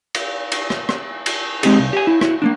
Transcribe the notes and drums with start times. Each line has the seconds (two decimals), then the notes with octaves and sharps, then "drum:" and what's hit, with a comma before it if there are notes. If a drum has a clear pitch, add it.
0.15 drum: cymbal
0.52 drum: cymbal
0.70 drum: rim click
0.89 drum: rim click
1.26 drum: cymbal
1.63 G#3 C4 D#4 G4 G#4, drum: cymbal
1.79 C2
1.93 G4 G#5
2.07 E4
2.21 E4 F#4, drum: rim click
2.42 A#3 B3 D4